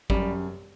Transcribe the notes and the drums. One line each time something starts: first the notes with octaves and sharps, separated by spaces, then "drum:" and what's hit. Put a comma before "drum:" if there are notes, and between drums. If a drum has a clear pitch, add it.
F#2 G3, drum: kick